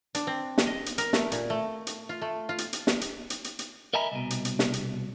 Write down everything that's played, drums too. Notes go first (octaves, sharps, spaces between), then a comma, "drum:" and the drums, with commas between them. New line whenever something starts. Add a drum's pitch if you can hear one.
D4, drum: hi-hat
C4
drum: snare
D#5
drum: hi-hat
A#4, drum: hi-hat
A3, drum: snare
A#2, drum: hi-hat
A3
drum: hi-hat
F4
A3
F4
drum: hi-hat
drum: hi-hat
drum: snare
drum: hi-hat
drum: hi-hat
drum: hi-hat
drum: hi-hat
A#4 D#5 E5 G#5 A#5 B5
C2 B2
drum: hi-hat
drum: hi-hat
drum: snare
drum: hi-hat